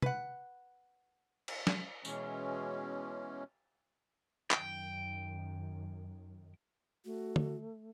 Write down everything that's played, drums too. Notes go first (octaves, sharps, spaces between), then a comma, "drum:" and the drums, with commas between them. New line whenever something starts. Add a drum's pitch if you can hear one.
B4 F#5, drum: tom
drum: cymbal
drum: snare
B2 E3 G#3 C#4, drum: tambourine
F#2 D#3 G5, drum: clap
A3 F#4
drum: tom